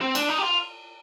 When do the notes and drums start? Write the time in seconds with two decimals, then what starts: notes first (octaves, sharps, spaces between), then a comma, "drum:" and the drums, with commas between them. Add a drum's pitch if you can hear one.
0.01 C4
0.15 D4, drum: cymbal
0.29 D#4
0.38 G4
0.43 F4